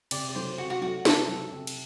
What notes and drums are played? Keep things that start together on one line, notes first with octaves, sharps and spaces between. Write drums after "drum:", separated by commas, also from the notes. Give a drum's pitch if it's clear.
C3 D5, drum: cymbal
D5
F#3 A3 C5
C3 F#4
F#4
F#3 A3 F#4
C3 A4, drum: snare
F#3 A3
C3
drum: cymbal